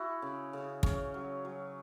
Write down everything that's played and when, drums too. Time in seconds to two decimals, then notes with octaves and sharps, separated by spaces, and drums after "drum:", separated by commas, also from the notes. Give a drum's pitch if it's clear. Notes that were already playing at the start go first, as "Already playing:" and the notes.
Already playing: E4 F#4 G#4
0.22 C#3
0.53 C#3
0.83 C#3 C#4, drum: kick
1.14 F#3
1.45 F#3